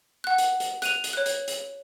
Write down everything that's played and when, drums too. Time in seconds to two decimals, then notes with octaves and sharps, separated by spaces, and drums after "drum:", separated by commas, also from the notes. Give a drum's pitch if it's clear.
0.24 F#5 F#6
0.38 drum: hi-hat
0.60 drum: hi-hat
0.82 F#6 D#7 F7, drum: hi-hat
1.04 drum: hi-hat
1.13 C#5 F#6
1.26 drum: hi-hat
1.48 drum: hi-hat